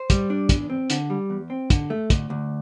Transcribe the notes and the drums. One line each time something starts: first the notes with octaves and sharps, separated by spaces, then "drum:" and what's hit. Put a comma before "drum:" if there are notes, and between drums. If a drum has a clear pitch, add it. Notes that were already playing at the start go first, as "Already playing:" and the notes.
Already playing: C5
G3, drum: kick, hi-hat
D4
E2, drum: kick, hi-hat
C4
D3, drum: hi-hat
G3
E2
C4
D3, drum: kick, hi-hat
A3
D2, drum: kick, hi-hat
D2